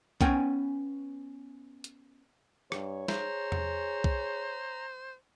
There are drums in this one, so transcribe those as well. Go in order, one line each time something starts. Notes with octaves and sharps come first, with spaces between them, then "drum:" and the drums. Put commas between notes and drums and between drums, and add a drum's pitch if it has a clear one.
B3 C#4 G5 G#5, drum: kick B1
drum: hi-hat
G2 C#5, drum: rim click
G#4 C5 A#5, drum: snare
drum: tom E2
drum: kick B1